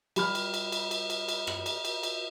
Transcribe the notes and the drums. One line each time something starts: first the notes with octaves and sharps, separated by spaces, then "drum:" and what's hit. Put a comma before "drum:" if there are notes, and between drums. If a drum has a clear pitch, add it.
G3 B5 F6, drum: cymbal
drum: cymbal
drum: cymbal
drum: cymbal
drum: cymbal
drum: cymbal
drum: cymbal
drum: rim click
drum: cymbal
drum: cymbal
drum: cymbal